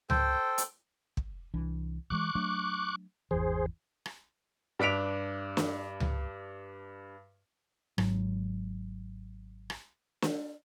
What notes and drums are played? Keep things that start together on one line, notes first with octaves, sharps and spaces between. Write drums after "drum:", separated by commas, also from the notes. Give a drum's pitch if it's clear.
A4 C5 G5, drum: tom C#2
drum: hi-hat
drum: kick
C2 E3 D4
D2 E3 G#3 C#6 D6 F#6
F#3 A3 D4
G#1 E2 E3 G#4 C5
drum: rim click
G2 D4 B6 D7 F7
drum: snare
drum: tom C#2
G#1 G#2 F#3, drum: rim click
drum: rim click
drum: snare